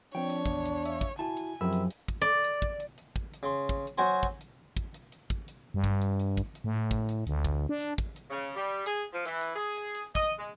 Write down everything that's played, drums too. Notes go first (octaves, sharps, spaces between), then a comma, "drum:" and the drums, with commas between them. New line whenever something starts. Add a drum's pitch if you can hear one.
F3 C4 D4 C#5 G5
drum: hi-hat
A#1 E2, drum: kick, hi-hat
drum: hi-hat
E5 F5, drum: hi-hat
drum: kick, hi-hat
E4 F#4 G#5 A5
drum: hi-hat
F#2 C3 F3 G#4 A#4 B5 E6
drum: hi-hat
drum: hi-hat
drum: kick, hi-hat
D5
drum: hi-hat
drum: kick, hi-hat
drum: hi-hat
drum: hi-hat
drum: kick, hi-hat
drum: hi-hat
C#3 C6
drum: kick, hi-hat
drum: hi-hat
F#3 F#4 C5 G#5 C6
drum: kick, hi-hat
drum: hi-hat
drum: kick, hi-hat
drum: hi-hat
drum: hi-hat
drum: kick, hi-hat
drum: hi-hat
G2
drum: kick, hi-hat
drum: hi-hat
drum: hi-hat
drum: kick, hi-hat
drum: hi-hat
A2
drum: kick, hi-hat
drum: hi-hat
D2, drum: hi-hat
drum: kick, hi-hat
D4
drum: hi-hat
drum: kick, hi-hat
drum: hi-hat
C#3
G3
G#4, drum: hi-hat
F3
E3, drum: hi-hat
drum: hi-hat
G#4
drum: hi-hat
drum: hi-hat
D#5, drum: kick, hi-hat
G#3